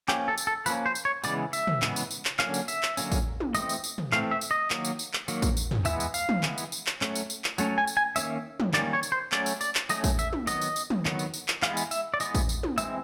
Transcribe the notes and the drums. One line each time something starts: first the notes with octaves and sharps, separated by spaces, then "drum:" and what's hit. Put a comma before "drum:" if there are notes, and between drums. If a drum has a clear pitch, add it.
F3 A#3 C#4 G4, drum: clap
A4
drum: tambourine
A4
F3 A#3 C#4 B4, drum: tambourine
C5
drum: tambourine
C#5
C#3 E3 G#3 B3 D5, drum: tambourine
E5, drum: tambourine
drum: tom
C#3 E3 G#3 B3, drum: clap
drum: tambourine
drum: tambourine
drum: clap
D3 F#3 A#3 C#4 F5, drum: clap
drum: tambourine
E5, drum: tambourine
drum: clap
D3 F#3 A#3 C#4, drum: tambourine
drum: kick A1, tambourine
drum: tom
E3 A3 C4 D#5, drum: tambourine
drum: tambourine
drum: tambourine
drum: tom
E3 A3 C4 F5, drum: clap
E5
drum: tambourine
D#5
D#3 F#3 A#3, drum: clap
drum: tambourine
drum: tambourine
drum: clap
D#3 F#3 A#3, drum: tambourine
drum: kick A1, tambourine
drum: tambourine
drum: tom
E3 G#3 B3 E5, drum: tambourine
drum: tambourine
F5, drum: tambourine
drum: tom
E3 G#3 B3, drum: clap
drum: tambourine
drum: tambourine
drum: clap
F#3 A3 C#4, drum: clap
drum: tambourine
drum: tambourine
drum: clap
F#3 A3 C#4, drum: tambourine
G#5
drum: tambourine
G#5
D#3 G3 A#3 C#4 E5, drum: tambourine
drum: tom
D#3 G3 A#3 C#4 D5, drum: clap
C#5
drum: tambourine
C5
F#3 A3 C#4 D5, drum: clap
drum: tambourine
D5, drum: tambourine
drum: clap
F#3 A3 C#4 D#5, drum: tambourine
drum: kick A1, tambourine
E5, drum: tambourine
drum: tom
D#3 F#3 B3 D#5, drum: tambourine
drum: tambourine
drum: tambourine
drum: tom
D#3 F#3 B3, drum: clap
drum: tambourine
drum: tambourine
drum: clap
E3 G#3 B3 F5, drum: clap
drum: tambourine
E5, drum: tambourine
D5
E3 G#3 B3 D#5, drum: tambourine
drum: kick A1, tambourine
drum: tambourine
drum: tom
E3 G#3 C4 E5, drum: tambourine